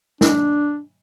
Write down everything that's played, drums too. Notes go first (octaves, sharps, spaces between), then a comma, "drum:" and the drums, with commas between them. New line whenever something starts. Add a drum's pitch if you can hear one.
D4, drum: snare